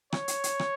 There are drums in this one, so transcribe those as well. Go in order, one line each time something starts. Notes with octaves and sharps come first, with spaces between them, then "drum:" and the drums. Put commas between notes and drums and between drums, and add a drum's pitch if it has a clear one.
C#5, drum: rim click
drum: hi-hat
drum: hi-hat
drum: rim click